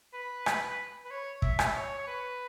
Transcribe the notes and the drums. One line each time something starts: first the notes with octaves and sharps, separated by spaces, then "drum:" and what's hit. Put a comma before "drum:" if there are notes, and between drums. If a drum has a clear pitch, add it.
B4
drum: rim click
B4
C#5
E5, drum: kick
drum: rim click
E5
C#5
C#5
B4